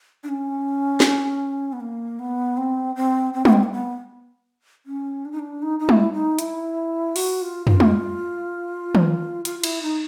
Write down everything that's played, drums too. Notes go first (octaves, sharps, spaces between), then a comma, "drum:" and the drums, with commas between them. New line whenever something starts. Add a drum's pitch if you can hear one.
D4
C#4
drum: snare
B3
A#3
B3
C4
C4
C4
B3, drum: tom G3
C4
A#3
B3
C#4
D4
D#4
D4
D#4
D#4
E4, drum: tom G3
D#4
E4, drum: hi-hat
F#4, drum: open hi-hat
F4
F4, drum: tom
drum: tom G3
drum: tom
F4, drum: hi-hat
F4
E4, drum: cymbal
D#4